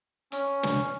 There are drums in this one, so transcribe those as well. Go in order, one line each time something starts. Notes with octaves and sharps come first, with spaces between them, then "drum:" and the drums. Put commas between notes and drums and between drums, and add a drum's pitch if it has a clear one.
C#4, drum: hi-hat
drum: snare